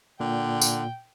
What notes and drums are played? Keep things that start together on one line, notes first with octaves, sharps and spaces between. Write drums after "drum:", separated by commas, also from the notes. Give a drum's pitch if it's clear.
A#2 D3 G5
drum: tambourine